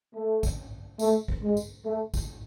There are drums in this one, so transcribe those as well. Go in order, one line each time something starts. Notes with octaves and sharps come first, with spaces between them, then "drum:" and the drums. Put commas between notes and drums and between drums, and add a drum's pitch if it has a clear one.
A3
drum: kick G#1, tambourine
A3, drum: tambourine
drum: kick G#1
G#3
drum: tambourine
A3
drum: kick G#1, tambourine